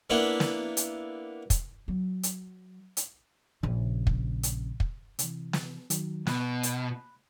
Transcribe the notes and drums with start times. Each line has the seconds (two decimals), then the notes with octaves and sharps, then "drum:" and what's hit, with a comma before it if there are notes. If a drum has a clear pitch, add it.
0.10 A#3 B3 D4 E4
0.40 drum: snare
0.77 drum: hi-hat
1.50 drum: kick, hi-hat
1.88 F#3
2.23 drum: hi-hat
2.97 drum: hi-hat
3.63 A#1 C#3
4.07 drum: kick
4.43 drum: hi-hat
4.80 drum: kick
5.19 C3 E3, drum: hi-hat
5.53 drum: snare
5.90 D#3 F#3, drum: hi-hat
6.27 B2 B5 F#6, drum: snare
6.63 drum: hi-hat